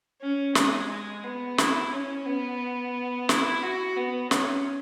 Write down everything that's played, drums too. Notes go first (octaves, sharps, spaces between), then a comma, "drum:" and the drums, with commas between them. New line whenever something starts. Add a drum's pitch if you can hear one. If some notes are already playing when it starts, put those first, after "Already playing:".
C#4
G#3, drum: snare
G#3
B3
E4, drum: snare
C#4
B3
E4, drum: snare
F#4
B3
C#4, drum: snare